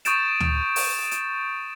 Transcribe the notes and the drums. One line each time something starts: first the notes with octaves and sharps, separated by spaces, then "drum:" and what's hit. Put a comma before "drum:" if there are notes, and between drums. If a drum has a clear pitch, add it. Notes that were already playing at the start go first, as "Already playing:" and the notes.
C#6 D#6 G6 A6 D7 E7, drum: hi-hat
drum: tom D2
drum: open hi-hat
drum: hi-hat